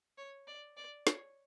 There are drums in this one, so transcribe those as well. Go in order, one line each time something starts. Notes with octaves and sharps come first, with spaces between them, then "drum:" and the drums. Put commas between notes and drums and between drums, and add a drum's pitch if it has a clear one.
C#5
D5
D5
C#5, drum: snare